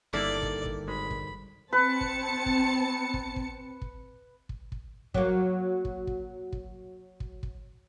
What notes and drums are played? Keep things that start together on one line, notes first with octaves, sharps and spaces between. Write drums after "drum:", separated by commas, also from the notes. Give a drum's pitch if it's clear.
G1 G2 D#3 A#3 E4 A4 D5
drum: kick
drum: kick
G#1 G#3 B5
drum: kick
C4 B4 A5 C#7
drum: kick
drum: kick
drum: kick
drum: kick
drum: kick
drum: kick
drum: kick
F#3 A#3, drum: kick
drum: kick
drum: kick
drum: kick
drum: kick
drum: kick